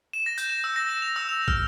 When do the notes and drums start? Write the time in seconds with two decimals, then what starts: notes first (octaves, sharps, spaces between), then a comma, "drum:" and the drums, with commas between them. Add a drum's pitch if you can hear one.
0.13 E7
0.26 A#6
0.38 G6, drum: tambourine
0.50 E7
0.64 E6
0.76 A#6
0.89 E7
1.02 F7
1.16 E6
1.29 F7
1.48 F6, drum: kick